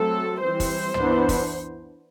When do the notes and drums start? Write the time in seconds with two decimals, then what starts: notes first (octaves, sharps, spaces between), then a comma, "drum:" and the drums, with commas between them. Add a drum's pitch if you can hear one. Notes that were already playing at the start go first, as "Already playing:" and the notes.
Already playing: F#3 A3 C4 A4
0.42 E3 G3 C4 C5
0.60 drum: kick, open hi-hat
0.94 E3 B3 D4, drum: tom
1.29 drum: kick, open hi-hat